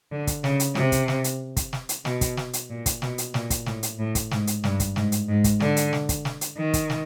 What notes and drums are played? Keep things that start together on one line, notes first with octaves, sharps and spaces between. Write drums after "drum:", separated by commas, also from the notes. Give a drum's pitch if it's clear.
D3
drum: kick, hi-hat
C#3, drum: snare
drum: hi-hat
C3, drum: snare
drum: kick, hi-hat
drum: snare
drum: hi-hat
drum: kick, hi-hat
drum: snare
drum: hi-hat
B2, drum: snare
drum: kick, hi-hat
drum: snare
drum: hi-hat
A#2
drum: kick, hi-hat
B2, drum: snare
drum: hi-hat
A#2, drum: snare
drum: kick, hi-hat
A2, drum: snare
drum: hi-hat
A2
drum: kick, hi-hat
G#2, drum: snare
drum: hi-hat
G2, drum: snare
drum: kick, hi-hat
G#2, drum: snare
drum: hi-hat
G#2
drum: kick, hi-hat
D3, drum: snare
drum: hi-hat
drum: snare
drum: kick, hi-hat
drum: snare
drum: hi-hat
D#3
drum: kick, hi-hat
drum: snare